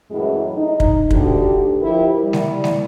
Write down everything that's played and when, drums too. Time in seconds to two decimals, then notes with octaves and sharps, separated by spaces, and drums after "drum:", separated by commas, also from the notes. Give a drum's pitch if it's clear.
0.11 F#2 A2 E3 G#3
0.56 D#4
0.80 drum: kick
1.11 D2 G4, drum: kick
1.82 F3 E4 G4 A#4
2.23 G3 E4
2.33 drum: snare
2.64 drum: snare